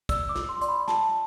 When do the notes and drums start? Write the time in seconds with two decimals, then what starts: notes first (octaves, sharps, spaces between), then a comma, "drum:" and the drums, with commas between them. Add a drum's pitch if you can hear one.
0.09 D5 E6, drum: kick, hi-hat
0.29 D6
0.35 F4, drum: snare
0.49 C6
0.61 D5 C6, drum: hi-hat
0.68 B5
0.88 F4 A5, drum: snare